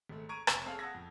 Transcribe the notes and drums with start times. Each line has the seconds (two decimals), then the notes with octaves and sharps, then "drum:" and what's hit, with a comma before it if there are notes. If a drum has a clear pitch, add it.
0.09 G#1 A3
0.29 A#5 C#6 G#6 D7 D#7
0.47 F1 C#5 E6 F7, drum: rim click
0.66 C4 G#4 A4 C#5 F5
0.79 F#5 A5 D#6 E6 G#6 A#6
0.94 F2